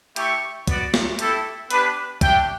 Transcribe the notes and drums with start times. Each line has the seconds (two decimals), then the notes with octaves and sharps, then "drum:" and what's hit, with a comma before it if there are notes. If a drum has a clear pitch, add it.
0.16 A3 E4 G4 C#6, drum: hi-hat
0.68 B3 F#4 D5, drum: kick, hi-hat
0.94 drum: snare
1.19 A3 E4 G4 A4, drum: hi-hat
1.71 B3 D4 G4 B4, drum: hi-hat
2.21 A3 D4 G4 G5, drum: kick, hi-hat